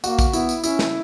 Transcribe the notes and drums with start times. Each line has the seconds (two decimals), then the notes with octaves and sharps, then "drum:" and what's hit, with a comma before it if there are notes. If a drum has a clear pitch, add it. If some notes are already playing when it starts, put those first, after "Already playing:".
0.04 A#3 F#4, drum: tambourine
0.19 drum: kick, tambourine
0.33 B3 E4, drum: tambourine
0.49 drum: tambourine
0.64 C#4 E4, drum: tambourine
0.79 drum: snare